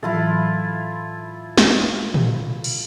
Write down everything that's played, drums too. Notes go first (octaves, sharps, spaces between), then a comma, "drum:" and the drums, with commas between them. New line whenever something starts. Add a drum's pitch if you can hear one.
A2 E3 F#3 E4 F4 A4
drum: snare
drum: tom
drum: cymbal